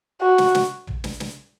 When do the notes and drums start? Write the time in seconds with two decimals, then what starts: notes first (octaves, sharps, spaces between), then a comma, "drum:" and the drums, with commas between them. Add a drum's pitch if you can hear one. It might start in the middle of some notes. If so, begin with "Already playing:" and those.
0.21 F#4
0.38 drum: snare
0.55 drum: snare
0.87 drum: tom
1.04 drum: snare
1.20 drum: snare